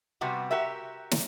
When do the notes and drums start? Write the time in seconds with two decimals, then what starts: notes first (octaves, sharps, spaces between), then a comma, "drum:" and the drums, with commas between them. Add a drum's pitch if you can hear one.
0.21 C3 G3 B3 F#4
0.51 F#4 G4 A#4 E5
1.11 drum: snare